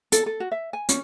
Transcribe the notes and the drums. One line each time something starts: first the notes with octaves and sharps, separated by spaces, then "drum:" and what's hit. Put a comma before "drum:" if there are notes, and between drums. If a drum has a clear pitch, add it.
A4, drum: hi-hat
A4
F#4
E5
G#5
C#4, drum: hi-hat